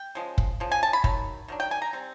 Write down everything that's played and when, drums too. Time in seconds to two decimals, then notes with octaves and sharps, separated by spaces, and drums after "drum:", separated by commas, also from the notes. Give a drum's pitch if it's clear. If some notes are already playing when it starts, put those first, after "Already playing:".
Already playing: G5
0.15 C#3 F3 G#3
0.38 drum: kick
0.60 C#3 F3
0.72 G#5
0.83 A5
0.93 B5
1.04 D#3 F#3, drum: kick
1.48 D#3 F#3 D4
1.60 G5
1.71 G#5
1.82 A#5
1.93 G3 C4